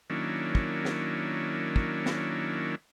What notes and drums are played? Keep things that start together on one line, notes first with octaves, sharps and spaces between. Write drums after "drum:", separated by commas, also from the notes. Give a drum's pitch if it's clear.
D#3 F#3 A#3 C#4 D4 E4
drum: kick
drum: snare
drum: kick
drum: snare